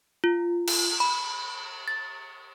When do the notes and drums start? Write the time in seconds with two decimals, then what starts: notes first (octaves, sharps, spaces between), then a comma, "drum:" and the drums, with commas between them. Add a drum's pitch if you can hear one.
0.24 F4
0.67 drum: cymbal
1.00 B5
1.88 A6